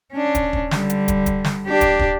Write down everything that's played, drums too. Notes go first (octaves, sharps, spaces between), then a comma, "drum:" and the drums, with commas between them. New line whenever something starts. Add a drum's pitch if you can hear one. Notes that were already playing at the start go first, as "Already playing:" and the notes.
C#4 D4
drum: kick, hi-hat
drum: kick
D3 G3, drum: snare
drum: hi-hat
drum: kick, hi-hat
drum: kick, hi-hat
drum: snare
D4 G4
drum: kick, hi-hat
drum: kick